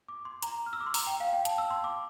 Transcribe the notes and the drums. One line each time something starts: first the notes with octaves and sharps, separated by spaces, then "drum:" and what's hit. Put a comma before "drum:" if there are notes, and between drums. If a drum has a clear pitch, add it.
D6
C6
A#5, drum: hi-hat
F6
E6
D6
C6
A#5, drum: open hi-hat
G5
F5
G5
A5, drum: hi-hat
E6
C6
D6